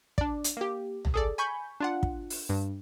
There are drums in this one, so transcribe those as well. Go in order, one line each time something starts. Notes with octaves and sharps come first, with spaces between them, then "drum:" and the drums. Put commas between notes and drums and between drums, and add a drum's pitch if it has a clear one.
D4 D5, drum: kick
drum: hi-hat
A#3 G4
drum: tom
G#4 A4 D5
G#5 B5 C#6 G6
D4 F4 F#5
drum: kick
drum: open hi-hat
G2